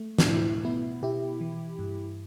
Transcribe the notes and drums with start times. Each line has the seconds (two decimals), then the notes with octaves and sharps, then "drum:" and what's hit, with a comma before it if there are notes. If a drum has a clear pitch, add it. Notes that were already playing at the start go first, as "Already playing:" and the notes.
Already playing: A3
0.18 D4, drum: snare
0.27 B2 E4
0.65 B3 E4
1.02 B2 E4 G4
1.41 E3
1.79 G2